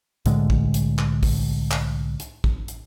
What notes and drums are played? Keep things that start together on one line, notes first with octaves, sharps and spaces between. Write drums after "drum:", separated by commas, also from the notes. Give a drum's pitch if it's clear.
C2 A2 D3 G#3, drum: hi-hat
drum: kick
drum: hi-hat
drum: clap
drum: kick, open hi-hat
drum: clap
drum: hi-hat
drum: kick
drum: hi-hat